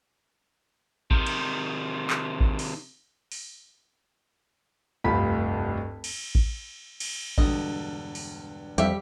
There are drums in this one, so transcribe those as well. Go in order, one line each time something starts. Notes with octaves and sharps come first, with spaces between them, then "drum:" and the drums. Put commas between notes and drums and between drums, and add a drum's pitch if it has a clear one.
C3 D#3, drum: kick A1
drum: cymbal
drum: clap
drum: kick A1
drum: open hi-hat
drum: open hi-hat
F1 D2 G2 F4 B5 B6
drum: cymbal
drum: kick A1
drum: cymbal
E1 G2 D3 D#5, drum: kick A1
drum: open hi-hat
F2 G3 G4 E5, drum: hi-hat